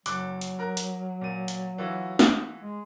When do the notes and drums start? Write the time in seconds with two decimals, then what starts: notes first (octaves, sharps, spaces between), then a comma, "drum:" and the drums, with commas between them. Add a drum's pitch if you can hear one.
0.06 F#1 F#3 D6 F#6, drum: hi-hat
0.41 drum: hi-hat
0.59 A#4 A#5 F#6
0.77 drum: hi-hat
1.21 A#2 D#7
1.48 drum: hi-hat
1.78 E3 F4 F#4
2.19 drum: snare
2.62 G#3